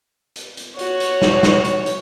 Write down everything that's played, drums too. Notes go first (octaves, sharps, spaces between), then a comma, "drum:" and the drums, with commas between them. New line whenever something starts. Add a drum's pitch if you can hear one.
drum: hi-hat
drum: hi-hat
F#4 C#5, drum: hi-hat
drum: hi-hat
drum: snare
drum: snare
drum: hi-hat
drum: hi-hat